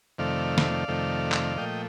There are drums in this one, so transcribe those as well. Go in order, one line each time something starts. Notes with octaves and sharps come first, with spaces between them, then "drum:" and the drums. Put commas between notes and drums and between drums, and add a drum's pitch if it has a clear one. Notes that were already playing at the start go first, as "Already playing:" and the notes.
F2 C3 D#3 A3 D5 F5
drum: snare
F2 C3 D#3 A3
drum: clap
A#2 F3 A3 D#5 G5